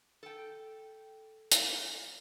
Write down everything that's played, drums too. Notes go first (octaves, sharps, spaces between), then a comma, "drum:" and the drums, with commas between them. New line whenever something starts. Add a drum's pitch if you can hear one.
A4 G5
drum: hi-hat